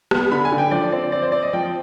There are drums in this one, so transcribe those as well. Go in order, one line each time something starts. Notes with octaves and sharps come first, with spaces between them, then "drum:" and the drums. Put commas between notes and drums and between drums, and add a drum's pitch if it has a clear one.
B3, drum: rim click
D3 B5
G#5
D3
G5
F3 D5
C4 D5
C4 D5
C5
C4 D5
D#5
F3 G5